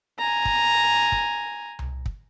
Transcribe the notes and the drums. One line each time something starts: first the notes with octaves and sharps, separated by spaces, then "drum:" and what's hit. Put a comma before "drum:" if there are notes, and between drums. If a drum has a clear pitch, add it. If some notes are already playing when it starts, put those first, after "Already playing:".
G#5 A#5
drum: kick
drum: kick
drum: tom C2
drum: kick